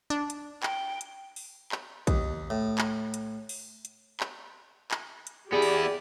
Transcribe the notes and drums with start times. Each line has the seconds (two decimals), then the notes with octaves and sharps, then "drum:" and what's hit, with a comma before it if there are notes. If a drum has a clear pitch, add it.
0.10 D4
0.30 drum: hi-hat
0.63 G5, drum: clap
1.01 drum: hi-hat
1.36 drum: open hi-hat
1.72 drum: clap
2.07 D#2, drum: kick A#1, hi-hat
2.50 A2
2.78 drum: clap
3.14 drum: hi-hat
3.49 drum: open hi-hat
3.85 drum: hi-hat
4.20 drum: clap
4.91 drum: clap
5.27 drum: hi-hat
5.53 B3 E4 G4 G#4 D5
5.62 drum: open hi-hat